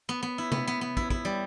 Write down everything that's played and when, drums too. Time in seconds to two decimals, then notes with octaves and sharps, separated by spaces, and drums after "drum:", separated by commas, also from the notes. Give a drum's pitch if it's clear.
0.09 B3
0.23 B3
0.38 E4
0.52 B3, drum: tom C3
0.67 B3
0.81 B3
0.97 E4, drum: kick
1.10 E4, drum: kick
1.25 G3